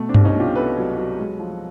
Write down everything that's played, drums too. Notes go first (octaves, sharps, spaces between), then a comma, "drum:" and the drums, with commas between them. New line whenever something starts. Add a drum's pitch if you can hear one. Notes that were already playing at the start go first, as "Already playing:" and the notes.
Already playing: B2 A3
C4 D4
C2, drum: tom G2
C#4 D#4
B2 F4 G4
B2 A4 B4
F#3
F#3
G#3
F3